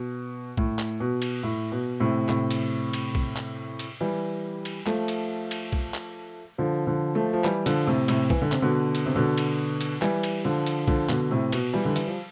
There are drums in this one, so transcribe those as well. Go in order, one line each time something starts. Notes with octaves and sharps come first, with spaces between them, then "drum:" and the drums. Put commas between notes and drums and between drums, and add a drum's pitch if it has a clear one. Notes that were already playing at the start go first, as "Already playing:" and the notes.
Already playing: B2
A2, drum: kick
drum: clap
B2
drum: cymbal
A2
B2
A2 C3
A2 C3, drum: clap
drum: cymbal
drum: cymbal
drum: kick
drum: clap
drum: cymbal
E3 G3
drum: cymbal
F3 A3, drum: clap
drum: cymbal
drum: cymbal
drum: kick
drum: clap
D3 F3
D3 F3
F3 A3
F3
E3 G3, drum: clap
D3 F3, drum: cymbal
A2 C3
A2 C3, drum: cymbal
E3, drum: kick
D3
C3, drum: clap
B2 D3
drum: cymbal
C3
B2 D3
drum: cymbal
drum: cymbal
E3 G3, drum: clap
drum: cymbal
D3 F3
drum: cymbal
D3 F3, drum: kick
B2 D3, drum: clap
A2 C3
B2, drum: cymbal
E3 G3
D3
E3, drum: cymbal
F3